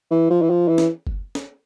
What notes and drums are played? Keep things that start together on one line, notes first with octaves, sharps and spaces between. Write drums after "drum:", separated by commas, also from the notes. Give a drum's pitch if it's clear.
E3
F3
E3
F3
E3
drum: snare
drum: kick F#1
drum: snare